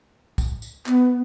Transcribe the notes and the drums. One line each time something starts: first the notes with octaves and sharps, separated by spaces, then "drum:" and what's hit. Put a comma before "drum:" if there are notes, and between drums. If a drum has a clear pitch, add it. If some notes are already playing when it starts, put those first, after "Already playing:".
drum: kick, tambourine
drum: tambourine
B3, drum: clap